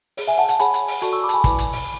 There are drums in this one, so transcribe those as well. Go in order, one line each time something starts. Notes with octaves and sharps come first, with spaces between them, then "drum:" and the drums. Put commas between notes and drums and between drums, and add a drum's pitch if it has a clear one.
G#4 C#5, drum: open hi-hat
E5 G#5
F#5 A5
F#5 A5, drum: hi-hat
G#4 C#5 G#5 B5, drum: hi-hat
drum: hi-hat
drum: open hi-hat
F#4 A4 D5 A5 C#6, drum: hi-hat
C#6 E6
B5 D6
A5, drum: hi-hat
G#5 B5
E4 B4 D5, drum: kick, hi-hat
drum: hi-hat
drum: open hi-hat